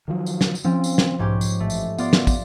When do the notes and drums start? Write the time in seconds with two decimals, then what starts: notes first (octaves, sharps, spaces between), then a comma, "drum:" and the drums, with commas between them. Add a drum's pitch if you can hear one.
0.08 D#3 F3 F#3
0.26 drum: tambourine
0.41 drum: snare
0.55 drum: tambourine
0.64 F3 C4 C#4
0.84 drum: tambourine
0.98 drum: snare
1.19 B1 G#2 C#4 G4
1.41 drum: tambourine
1.60 A1 A3
1.70 drum: tambourine
1.98 B3 F4 D5, drum: tambourine
2.13 drum: snare
2.27 drum: kick, tambourine